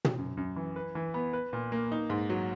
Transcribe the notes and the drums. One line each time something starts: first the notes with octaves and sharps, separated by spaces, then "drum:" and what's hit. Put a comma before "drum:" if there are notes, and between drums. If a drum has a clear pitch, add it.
drum: tom
F#2
F#2
E3
B4
E3
B3
B4
A#2
A#3
D#4
G#2
F#3